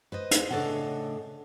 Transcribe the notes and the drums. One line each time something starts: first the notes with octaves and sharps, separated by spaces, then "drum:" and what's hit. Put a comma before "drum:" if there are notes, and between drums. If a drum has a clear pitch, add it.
B4 C5 D#5
drum: hi-hat
A2 C#3 D4 A4 D#5 F#5